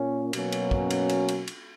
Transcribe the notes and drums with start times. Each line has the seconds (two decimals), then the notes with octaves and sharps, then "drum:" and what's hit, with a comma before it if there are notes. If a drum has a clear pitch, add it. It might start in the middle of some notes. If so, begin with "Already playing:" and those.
Already playing: A#2 A#3 C#4
0.33 B2 F#3 A#3 C#4, drum: cymbal
0.52 drum: cymbal
0.71 drum: kick
0.90 drum: cymbal
1.09 drum: cymbal
1.28 drum: cymbal
1.47 drum: cymbal